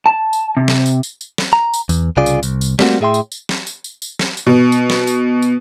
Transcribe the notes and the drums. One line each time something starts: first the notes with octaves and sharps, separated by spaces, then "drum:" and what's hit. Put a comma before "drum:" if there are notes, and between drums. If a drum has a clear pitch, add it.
A5
drum: tambourine
C3
drum: snare
drum: tambourine
drum: tambourine
drum: tambourine
drum: snare
A#5
drum: tambourine
E2, drum: tambourine
C2 C#3 F4 G#4 D5
drum: tambourine
C2, drum: tambourine
drum: tambourine
G3 A3 A#3 C4 F#4, drum: snare
A2 G#4 E5 G5 C6
drum: tambourine
drum: tambourine
drum: snare
drum: tambourine
drum: tambourine
drum: tambourine
drum: snare
drum: tambourine
B2
drum: tambourine
drum: snare
drum: tambourine
drum: tambourine